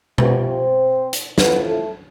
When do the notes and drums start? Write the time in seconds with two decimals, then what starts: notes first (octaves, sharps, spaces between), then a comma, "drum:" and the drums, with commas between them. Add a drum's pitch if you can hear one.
0.18 C3 F3 B3 B4, drum: tom B2
0.48 C4 C5
1.13 drum: hi-hat
1.38 A2 F3 B3 B4, drum: snare
1.68 A3 A4